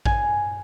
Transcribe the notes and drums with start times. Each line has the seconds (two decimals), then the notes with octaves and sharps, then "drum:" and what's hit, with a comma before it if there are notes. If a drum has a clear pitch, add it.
0.06 G#5, drum: kick A1